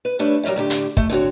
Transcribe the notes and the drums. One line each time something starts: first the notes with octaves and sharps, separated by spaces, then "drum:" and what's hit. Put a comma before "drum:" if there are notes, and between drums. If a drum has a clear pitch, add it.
B4
G3 A3 D4 B4 C#5
F#3 G3 A#4 C#5 E5
A2 D3 G4
drum: hi-hat
A3, drum: kick
D3 C4 F#4 C#5